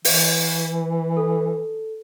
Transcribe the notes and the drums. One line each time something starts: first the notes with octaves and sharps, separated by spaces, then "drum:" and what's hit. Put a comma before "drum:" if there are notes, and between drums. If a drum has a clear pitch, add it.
E3, drum: open hi-hat
A4